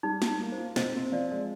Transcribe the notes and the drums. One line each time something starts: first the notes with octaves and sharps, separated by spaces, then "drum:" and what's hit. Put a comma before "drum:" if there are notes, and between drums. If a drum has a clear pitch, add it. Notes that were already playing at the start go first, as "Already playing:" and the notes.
G3 D#4
G3, drum: snare
D#4
A#3
C5
F4
C3 C5 D#5, drum: snare
C4
F3 D5 F5
G#3